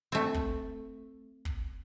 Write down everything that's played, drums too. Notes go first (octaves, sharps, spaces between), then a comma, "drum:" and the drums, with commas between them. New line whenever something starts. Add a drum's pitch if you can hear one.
A3 C4
drum: kick
drum: kick